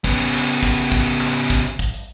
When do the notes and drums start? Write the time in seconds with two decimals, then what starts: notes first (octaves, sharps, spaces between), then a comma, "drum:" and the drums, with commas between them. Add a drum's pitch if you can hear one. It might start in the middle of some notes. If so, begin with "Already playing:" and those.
0.04 C#3 B3, drum: kick
0.19 drum: hi-hat
0.33 drum: clap
0.48 drum: hi-hat
0.63 drum: kick, hi-hat
0.77 drum: hi-hat
0.92 drum: kick, hi-hat
1.06 drum: hi-hat
1.21 drum: clap
1.36 drum: hi-hat
1.50 drum: kick, hi-hat
1.65 drum: hi-hat
1.79 drum: kick, hi-hat
1.94 drum: hi-hat